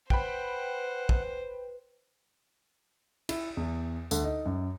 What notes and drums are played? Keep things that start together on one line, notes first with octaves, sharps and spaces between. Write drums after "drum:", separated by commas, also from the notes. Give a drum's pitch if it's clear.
B4 C5 F#5 G5 B5, drum: kick
drum: kick
E4, drum: cymbal
E2
D2, drum: tambourine
D#4
F#2